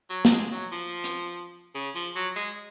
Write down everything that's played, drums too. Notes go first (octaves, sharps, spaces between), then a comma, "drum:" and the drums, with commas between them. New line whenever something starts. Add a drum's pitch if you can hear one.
F#3
A#3, drum: snare
G#3
F#3
F3
drum: hi-hat
C#3
F3
F#3
G#3